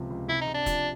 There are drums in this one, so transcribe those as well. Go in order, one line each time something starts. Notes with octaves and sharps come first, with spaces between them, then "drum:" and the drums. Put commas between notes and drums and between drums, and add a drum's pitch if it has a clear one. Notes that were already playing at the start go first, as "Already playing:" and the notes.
Already playing: C#2 C3 F3
C#2
C3 E4
D#4
C3
D4
F3, drum: kick E1, hi-hat